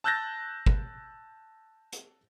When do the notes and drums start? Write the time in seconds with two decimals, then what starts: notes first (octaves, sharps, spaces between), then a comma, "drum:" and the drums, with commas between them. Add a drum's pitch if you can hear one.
0.04 A5 E6 F#6 G6 A6 A#6
0.66 drum: kick
1.92 drum: hi-hat